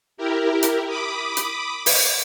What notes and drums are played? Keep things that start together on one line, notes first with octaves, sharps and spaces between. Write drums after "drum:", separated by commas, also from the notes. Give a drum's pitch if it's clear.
E4 G4 A#4
drum: hi-hat
B5 D6 D#6
drum: hi-hat
drum: open hi-hat